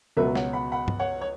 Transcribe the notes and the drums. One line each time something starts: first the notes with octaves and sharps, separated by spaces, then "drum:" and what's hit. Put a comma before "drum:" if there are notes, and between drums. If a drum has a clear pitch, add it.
C#2 B2 F#3 B3 B4 E5
C#5 F#5, drum: snare
F#5 B5
F#5 B5
drum: tom G2
C#5 F#5
C#5